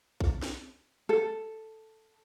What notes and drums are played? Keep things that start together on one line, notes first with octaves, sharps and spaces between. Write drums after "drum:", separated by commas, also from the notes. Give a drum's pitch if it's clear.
drum: kick
drum: snare
A4